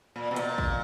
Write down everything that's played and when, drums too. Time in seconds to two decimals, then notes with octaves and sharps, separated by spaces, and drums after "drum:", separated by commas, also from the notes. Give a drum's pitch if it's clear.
0.16 A#2
0.31 B2
0.36 A#2, drum: hi-hat
0.58 drum: kick